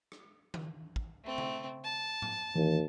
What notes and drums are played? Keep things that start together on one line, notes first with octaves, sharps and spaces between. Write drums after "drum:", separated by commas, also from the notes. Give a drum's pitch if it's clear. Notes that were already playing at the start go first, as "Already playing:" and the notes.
drum: rim click
drum: tom D#3
drum: kick
A3 C4
drum: tom C#3
A5
drum: tom A2
D#2 E3